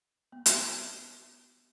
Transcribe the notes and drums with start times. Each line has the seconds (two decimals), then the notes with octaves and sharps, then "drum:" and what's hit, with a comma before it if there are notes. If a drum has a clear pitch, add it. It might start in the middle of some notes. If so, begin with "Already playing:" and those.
0.32 B3
0.46 drum: hi-hat